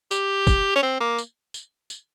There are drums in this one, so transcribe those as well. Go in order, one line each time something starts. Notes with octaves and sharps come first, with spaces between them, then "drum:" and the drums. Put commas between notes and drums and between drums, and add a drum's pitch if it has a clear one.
G4, drum: tambourine
drum: kick, tambourine
C#4
C4
A#3
drum: tambourine
drum: tambourine
drum: tambourine